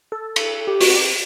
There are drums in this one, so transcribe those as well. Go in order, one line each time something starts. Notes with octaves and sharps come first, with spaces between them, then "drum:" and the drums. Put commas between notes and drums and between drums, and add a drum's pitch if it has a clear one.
A4
drum: cymbal
G4
F#4, drum: open hi-hat
G4